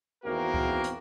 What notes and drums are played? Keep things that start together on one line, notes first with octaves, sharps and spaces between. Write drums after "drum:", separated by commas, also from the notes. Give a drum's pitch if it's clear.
G#1 E2 A#3 C4 F#4 A#4
drum: kick C#2
drum: hi-hat